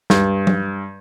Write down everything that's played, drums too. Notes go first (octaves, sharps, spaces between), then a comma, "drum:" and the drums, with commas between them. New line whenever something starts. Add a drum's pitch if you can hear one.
G2, drum: snare
drum: tom F#3